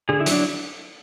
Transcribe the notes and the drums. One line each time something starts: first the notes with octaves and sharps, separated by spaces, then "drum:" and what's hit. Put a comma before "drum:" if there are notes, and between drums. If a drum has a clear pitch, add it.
D3 G#4
E4
F#3, drum: hi-hat
D4